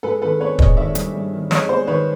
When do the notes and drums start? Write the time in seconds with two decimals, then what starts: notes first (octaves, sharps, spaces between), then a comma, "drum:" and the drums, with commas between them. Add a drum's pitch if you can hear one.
0.03 G#3 A4 B4
0.22 D#3 A4 B4
0.40 C4 B4 C#5
0.59 G#3 C#5 D#5, drum: kick
0.77 D#3 D5 E5
0.95 G2, drum: hi-hat
1.14 G2
1.33 D#3
1.51 G#3 C#5 D#5, drum: snare
1.69 G#3 C5 D5
1.87 D#3 B4 C#5